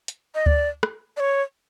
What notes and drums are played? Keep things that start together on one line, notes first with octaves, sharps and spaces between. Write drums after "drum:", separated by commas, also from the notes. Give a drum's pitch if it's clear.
drum: hi-hat
D#5
D5, drum: kick D2
drum: rim click
D5
C#5